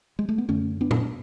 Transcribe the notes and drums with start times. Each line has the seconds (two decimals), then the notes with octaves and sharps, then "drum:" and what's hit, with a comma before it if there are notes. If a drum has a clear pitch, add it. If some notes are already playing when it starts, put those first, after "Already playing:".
0.19 G#3
0.29 A3
0.38 B3
0.49 F#2 D3 A3 C#4
0.81 B3 D4
0.91 drum: tom A#2